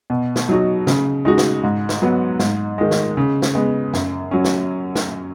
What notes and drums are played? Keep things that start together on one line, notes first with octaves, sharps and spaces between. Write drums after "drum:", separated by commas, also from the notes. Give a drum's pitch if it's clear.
B2
drum: snare
F#3 D#4 F#4
C#3, drum: snare
G#3 D#4 F#4
drum: snare
G#2
drum: snare
F#3 B3
G#2, drum: snare
D#3 G#3
drum: snare
C#3
drum: snare
G#3 B3
F#2, drum: snare
F#3 C#4
drum: snare
drum: snare